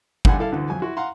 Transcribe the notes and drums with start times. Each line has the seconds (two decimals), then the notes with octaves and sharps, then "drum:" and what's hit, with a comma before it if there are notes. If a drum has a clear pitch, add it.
0.25 A#1 D3 G3 F#5 G#5, drum: kick
0.38 G3 E4 A4 F5
0.52 D2 D3 E3
0.70 F2 F#3 G#5
0.82 E4 F#4 C6
0.97 F5 F#5 A#5 C6